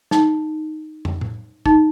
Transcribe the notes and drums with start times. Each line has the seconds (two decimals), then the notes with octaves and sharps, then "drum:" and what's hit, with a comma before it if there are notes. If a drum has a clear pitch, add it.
0.11 D#4, drum: snare
1.05 drum: tom
1.21 drum: tom A2
1.66 D#4, drum: kick